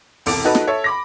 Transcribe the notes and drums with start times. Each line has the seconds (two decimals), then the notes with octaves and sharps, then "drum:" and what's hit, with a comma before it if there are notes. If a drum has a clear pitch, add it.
0.26 E1 C2 A4 D6 D7, drum: open hi-hat
0.44 D#4 F#4 A4 B4 D#5
0.55 drum: snare
0.67 A4 C#5 E5
0.84 B5 D6 A#6